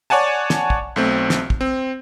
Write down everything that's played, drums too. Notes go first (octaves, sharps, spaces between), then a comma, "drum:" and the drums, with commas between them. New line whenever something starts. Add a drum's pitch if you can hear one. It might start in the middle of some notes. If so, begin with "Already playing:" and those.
C#5 D5 F#5 G#5 A5
drum: snare
drum: kick
B1 A3 C4
drum: snare
drum: kick
C4